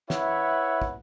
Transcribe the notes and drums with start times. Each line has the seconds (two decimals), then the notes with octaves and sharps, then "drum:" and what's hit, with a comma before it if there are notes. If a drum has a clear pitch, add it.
0.10 E4 B4 C#5 E5 F#5, drum: snare
0.82 drum: kick